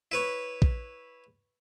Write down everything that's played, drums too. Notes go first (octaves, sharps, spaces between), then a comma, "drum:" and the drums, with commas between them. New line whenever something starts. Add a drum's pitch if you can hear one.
E4 B4 C#5
drum: kick A#1